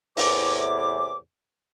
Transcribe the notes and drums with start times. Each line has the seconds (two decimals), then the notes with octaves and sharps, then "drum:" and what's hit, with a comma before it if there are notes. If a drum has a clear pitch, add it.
0.17 E2 A2 C3 E3 E4 D6, drum: open hi-hat